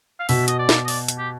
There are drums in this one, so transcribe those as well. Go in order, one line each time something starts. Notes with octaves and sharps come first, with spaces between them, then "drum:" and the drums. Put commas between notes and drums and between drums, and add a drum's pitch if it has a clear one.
F5
B2 E5, drum: open hi-hat
D#5, drum: hi-hat
D5
drum: snare
D#5
D5, drum: open hi-hat
drum: hi-hat
G4